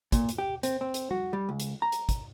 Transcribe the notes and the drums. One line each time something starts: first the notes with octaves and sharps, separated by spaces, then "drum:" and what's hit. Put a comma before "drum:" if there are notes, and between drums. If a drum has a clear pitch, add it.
A#2, drum: kick, hi-hat
drum: hi-hat
G4
C4, drum: hi-hat
C4
drum: hi-hat
F#4, drum: tom G3
G3
C#2
drum: hi-hat
A#5
drum: hi-hat
drum: kick, hi-hat